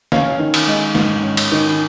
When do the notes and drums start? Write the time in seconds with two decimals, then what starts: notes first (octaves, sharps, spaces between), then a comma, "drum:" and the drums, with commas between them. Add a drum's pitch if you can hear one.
0.12 C#4 F5, drum: snare
0.39 D#3
0.54 drum: cymbal
0.67 G#3
0.95 G#2, drum: snare
1.23 C#4
1.37 drum: cymbal
1.52 D#3